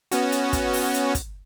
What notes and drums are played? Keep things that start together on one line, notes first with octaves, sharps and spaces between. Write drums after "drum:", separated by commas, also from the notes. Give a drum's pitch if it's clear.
B3 C#4 F#4, drum: hi-hat
drum: hi-hat
drum: kick, hi-hat
drum: open hi-hat
drum: hi-hat
drum: kick, hi-hat